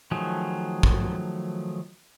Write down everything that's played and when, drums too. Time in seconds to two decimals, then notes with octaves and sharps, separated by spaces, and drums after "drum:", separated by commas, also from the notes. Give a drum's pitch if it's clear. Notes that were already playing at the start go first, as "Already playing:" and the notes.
0.11 D#3 F3 F#3 A3 G#4
0.83 drum: kick